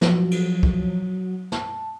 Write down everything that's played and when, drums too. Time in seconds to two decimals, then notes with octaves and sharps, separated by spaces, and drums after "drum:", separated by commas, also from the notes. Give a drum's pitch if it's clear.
0.01 F3 F#3, drum: snare
0.31 drum: cymbal
0.63 drum: kick
1.52 A5, drum: snare